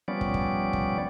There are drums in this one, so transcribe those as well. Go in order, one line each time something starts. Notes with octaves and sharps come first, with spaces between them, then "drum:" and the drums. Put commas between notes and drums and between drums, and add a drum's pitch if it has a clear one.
F3 G3 B3 C#4 D5
drum: kick
drum: kick
drum: kick